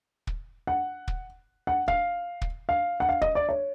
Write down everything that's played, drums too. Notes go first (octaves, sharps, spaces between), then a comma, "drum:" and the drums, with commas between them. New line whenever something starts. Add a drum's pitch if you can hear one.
drum: kick
F#5
drum: kick
F#5
F5, drum: kick
drum: kick
F5
F#5
F5
D#5, drum: kick
D5
C#5